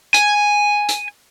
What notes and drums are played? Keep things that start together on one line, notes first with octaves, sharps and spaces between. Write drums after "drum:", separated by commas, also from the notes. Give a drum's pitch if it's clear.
G#5, drum: hi-hat
drum: hi-hat